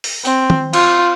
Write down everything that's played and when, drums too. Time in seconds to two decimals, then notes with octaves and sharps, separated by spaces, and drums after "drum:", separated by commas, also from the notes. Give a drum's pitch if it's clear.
0.04 drum: open hi-hat
0.25 C4, drum: tambourine
0.50 drum: tom D#3
0.73 F4, drum: cymbal